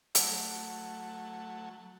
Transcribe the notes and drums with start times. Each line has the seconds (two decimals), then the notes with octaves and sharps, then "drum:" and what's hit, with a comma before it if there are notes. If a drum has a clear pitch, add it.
0.15 F#3 A3, drum: hi-hat